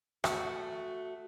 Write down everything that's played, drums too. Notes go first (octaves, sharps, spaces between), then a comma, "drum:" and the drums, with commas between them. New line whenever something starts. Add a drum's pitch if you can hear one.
A3 F#4, drum: rim click